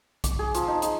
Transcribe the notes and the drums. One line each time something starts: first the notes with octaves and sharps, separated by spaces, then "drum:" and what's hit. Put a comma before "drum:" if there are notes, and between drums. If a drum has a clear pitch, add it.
D6, drum: kick, hi-hat
G#4
F3, drum: hi-hat
D#4
C6, drum: hi-hat